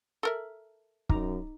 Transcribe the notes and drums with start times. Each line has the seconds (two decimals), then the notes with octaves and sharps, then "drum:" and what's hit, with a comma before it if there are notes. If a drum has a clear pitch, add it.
0.23 A4 A#4 E5
1.09 F#2 D#4 A#5 D6, drum: kick